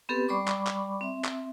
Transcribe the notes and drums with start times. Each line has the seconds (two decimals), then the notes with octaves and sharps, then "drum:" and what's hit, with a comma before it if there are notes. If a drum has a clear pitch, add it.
0.09 B3 C4 G4 A4 B4
0.28 G3 D5 B5 C#6 D6
0.47 drum: clap
0.67 drum: clap
1.01 C4 E5
1.24 drum: clap